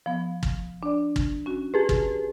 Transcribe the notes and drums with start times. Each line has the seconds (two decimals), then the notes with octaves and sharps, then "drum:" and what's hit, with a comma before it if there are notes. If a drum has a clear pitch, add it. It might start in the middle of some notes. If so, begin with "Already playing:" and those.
0.06 F3 B3
0.43 drum: kick
0.83 D4 D5
1.16 drum: kick
1.46 C#4 F#4
1.74 G4 G#4 B4
1.89 drum: kick